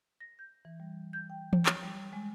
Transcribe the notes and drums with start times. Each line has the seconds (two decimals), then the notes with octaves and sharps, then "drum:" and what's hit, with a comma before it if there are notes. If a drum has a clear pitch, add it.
0.20 A#6
0.39 G6
0.65 E3
0.80 G3
1.13 G6
1.30 G5
1.53 drum: tom E3
1.66 C#5, drum: clap
1.83 G3
2.13 G#3